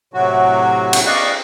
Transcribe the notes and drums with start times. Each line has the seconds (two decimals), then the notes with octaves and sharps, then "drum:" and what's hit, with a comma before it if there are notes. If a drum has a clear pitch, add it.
0.14 A2 C3 F#3 F#4
0.93 drum: cymbal
1.06 D5 D#5 F5 C#6 F#6